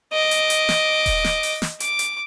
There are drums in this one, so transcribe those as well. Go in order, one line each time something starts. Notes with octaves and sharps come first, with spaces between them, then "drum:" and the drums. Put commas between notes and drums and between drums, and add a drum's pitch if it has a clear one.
D#5 D6
drum: hi-hat
drum: hi-hat
drum: snare
drum: kick D#1, open hi-hat
drum: snare
drum: open hi-hat
drum: snare
D6, drum: hi-hat
drum: hi-hat